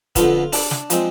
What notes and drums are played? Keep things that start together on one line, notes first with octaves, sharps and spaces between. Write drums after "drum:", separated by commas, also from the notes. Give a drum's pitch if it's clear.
F2 D3 F3 B3 F4, drum: kick C#1, hi-hat
D4, drum: open hi-hat
drum: snare
F3 G#3 C4, drum: hi-hat